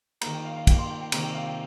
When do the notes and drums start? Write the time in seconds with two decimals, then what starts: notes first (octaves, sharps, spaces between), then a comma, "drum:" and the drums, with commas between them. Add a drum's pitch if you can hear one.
0.21 D#3 A#3 A#5, drum: cymbal
0.34 G5
0.45 F5
0.56 F5
0.67 D#3 A#3 G5, drum: kick, cymbal
0.78 C6
0.90 G5
1.01 G5
1.12 C3 D#3 A#3 A#5, drum: cymbal
1.23 G5
1.35 F5
1.46 G5